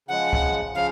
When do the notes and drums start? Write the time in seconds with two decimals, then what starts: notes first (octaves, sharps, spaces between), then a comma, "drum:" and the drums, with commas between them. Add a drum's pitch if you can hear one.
0.08 C#3 F3 G#3 F#5
0.33 drum: kick
0.74 C#3 F3 F5